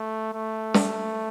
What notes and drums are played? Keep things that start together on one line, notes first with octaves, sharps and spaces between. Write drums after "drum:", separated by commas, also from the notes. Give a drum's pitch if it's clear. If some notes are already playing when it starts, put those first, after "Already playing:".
Already playing: A3
A3
drum: snare